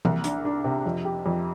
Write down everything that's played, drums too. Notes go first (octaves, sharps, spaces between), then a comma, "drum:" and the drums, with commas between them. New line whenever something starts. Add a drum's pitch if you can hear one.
C2, drum: tom E3
D4, drum: hi-hat
D4
C3
F2
G4
F2